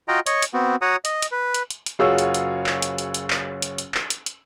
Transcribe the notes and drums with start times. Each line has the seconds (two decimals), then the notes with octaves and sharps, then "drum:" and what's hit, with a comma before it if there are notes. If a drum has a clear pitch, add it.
0.08 F4 F#4 D#5 G5 A#5
0.26 C#5 D#5 C#6, drum: hi-hat
0.42 drum: hi-hat
0.54 B3 C4 F#4
0.82 F#4 C#5 F#5 A#5 D#6
1.05 D#5, drum: hi-hat
1.22 drum: hi-hat
1.32 B4
1.54 drum: hi-hat
1.70 drum: hi-hat
1.86 drum: hi-hat
1.99 F#1 F4 F#4 G#4 C#5 E6
2.18 drum: hi-hat
2.34 drum: hi-hat
2.66 drum: clap
2.82 drum: hi-hat
2.98 drum: hi-hat
3.14 drum: hi-hat
3.30 drum: clap
3.62 drum: hi-hat
3.78 drum: hi-hat
3.94 drum: clap
4.10 drum: hi-hat
4.26 drum: hi-hat